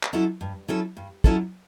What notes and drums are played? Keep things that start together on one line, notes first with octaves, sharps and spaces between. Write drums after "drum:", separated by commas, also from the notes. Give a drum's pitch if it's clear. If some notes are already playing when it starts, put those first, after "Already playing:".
drum: clap
F#3 C#4 E4 A4
G2
F#3 C#4 E4 A4
G2
F#3 C#4 E4 A4, drum: kick